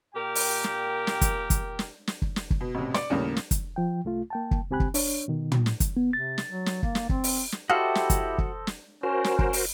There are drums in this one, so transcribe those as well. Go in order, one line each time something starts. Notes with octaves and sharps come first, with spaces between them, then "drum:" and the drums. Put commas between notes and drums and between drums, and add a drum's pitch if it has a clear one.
A#2 G4 A#4 G5
drum: open hi-hat
drum: snare
drum: snare
drum: kick, hi-hat
drum: kick, hi-hat
drum: snare
drum: snare
drum: kick
drum: snare
drum: kick
B2
A1 C3
D5 C#7, drum: snare
D#2 A2 C#3 G3 A#3
drum: snare
drum: kick, hi-hat
F3 G5
C2 A3 F4
A#3 G5 A5
drum: kick
C#2 C4 G4 G#5 B5 F#6
drum: kick
D4 C#5, drum: open hi-hat
B2 D#3
drum: tom
drum: snare
drum: kick, hi-hat
B3
C3 A6
drum: snare
F#3
drum: snare
A#3, drum: kick
drum: snare
C4, drum: kick
drum: open hi-hat
drum: snare
E4 F#4 G4 A4 C5 D#5 F5
drum: snare
drum: kick, hi-hat
drum: kick
drum: snare
C#4 F#4 A#4 C5
drum: snare
drum: kick
drum: open hi-hat